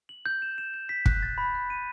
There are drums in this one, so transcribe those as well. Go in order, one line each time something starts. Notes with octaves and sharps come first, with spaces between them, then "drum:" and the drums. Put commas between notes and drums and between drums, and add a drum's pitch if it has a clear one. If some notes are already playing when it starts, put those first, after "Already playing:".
F#7
G6
E7
E7
E7
B6
F#6, drum: kick
A6
B5
F#6
D#7